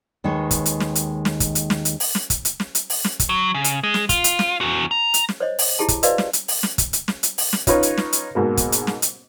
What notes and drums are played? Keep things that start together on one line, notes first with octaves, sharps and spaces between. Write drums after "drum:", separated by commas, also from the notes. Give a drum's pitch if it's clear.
D#2 D#3 G#3 B4 C#5
drum: kick, hi-hat
drum: hi-hat
drum: snare
drum: hi-hat
drum: snare
drum: kick, hi-hat
drum: hi-hat
drum: snare
drum: hi-hat
drum: open hi-hat
drum: snare
drum: kick, hi-hat
drum: hi-hat
drum: snare
drum: hi-hat
drum: open hi-hat
drum: snare
drum: kick, hi-hat
F#3
C#3
drum: hi-hat
G#3
drum: snare
F4, drum: kick, hi-hat
drum: hi-hat
drum: snare
E2 F#4
A#5
drum: hi-hat
drum: snare
C5 C#5 D#5
drum: open hi-hat
E4 G4 G#4 A5
drum: kick, hi-hat
F#4 B4 C5 D5 D#5 F5, drum: hi-hat
drum: snare
drum: hi-hat
drum: open hi-hat
drum: snare
drum: kick, hi-hat
drum: hi-hat
drum: snare
drum: hi-hat
drum: open hi-hat
drum: snare
C#4 D#4 F4 B4 C#5, drum: kick, hi-hat
drum: hi-hat
drum: snare
drum: hi-hat
G#2 B2 A#3
drum: kick, hi-hat
drum: hi-hat
drum: snare
drum: hi-hat